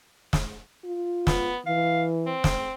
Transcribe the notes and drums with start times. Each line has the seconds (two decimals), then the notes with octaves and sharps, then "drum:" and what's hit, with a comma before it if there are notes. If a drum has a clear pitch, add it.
0.33 drum: snare
0.85 F4
1.27 B3, drum: snare
1.66 E3 F5
2.26 C4
2.44 drum: snare